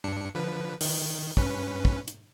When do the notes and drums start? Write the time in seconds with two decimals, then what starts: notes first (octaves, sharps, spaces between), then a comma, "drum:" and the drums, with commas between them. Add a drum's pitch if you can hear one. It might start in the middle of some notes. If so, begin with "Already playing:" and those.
0.04 G2 D4 C#7
0.35 D3 F3 B4
0.81 D#3, drum: open hi-hat
1.37 G2 C#4 B4, drum: kick
1.85 drum: kick
2.08 drum: hi-hat